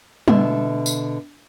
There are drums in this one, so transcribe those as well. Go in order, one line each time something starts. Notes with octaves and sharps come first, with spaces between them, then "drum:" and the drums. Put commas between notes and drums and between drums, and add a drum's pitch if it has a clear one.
B2 D3 E5, drum: tom G3
drum: tambourine